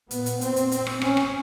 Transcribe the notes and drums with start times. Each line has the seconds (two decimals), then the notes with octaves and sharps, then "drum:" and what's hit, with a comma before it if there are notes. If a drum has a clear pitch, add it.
0.11 A#2 B3, drum: hi-hat
0.26 drum: hi-hat
0.41 C4, drum: hi-hat
0.56 drum: hi-hat
0.72 C4, drum: hi-hat
0.87 drum: rim click
1.01 C#4, drum: rim click
1.17 drum: rim click